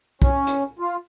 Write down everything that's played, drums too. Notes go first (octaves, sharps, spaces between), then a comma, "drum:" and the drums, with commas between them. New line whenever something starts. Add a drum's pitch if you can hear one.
C#4, drum: kick B1
drum: hi-hat
F4